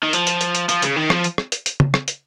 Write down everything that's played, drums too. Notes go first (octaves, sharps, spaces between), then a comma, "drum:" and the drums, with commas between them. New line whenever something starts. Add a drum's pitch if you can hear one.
D#3
F3, drum: hi-hat
drum: hi-hat
drum: hi-hat
drum: hi-hat
F3, drum: hi-hat
C#3, drum: hi-hat
D#3
F3, drum: rim click
drum: hi-hat
drum: rim click
drum: hi-hat
drum: hi-hat
drum: tom
drum: rim click
drum: hi-hat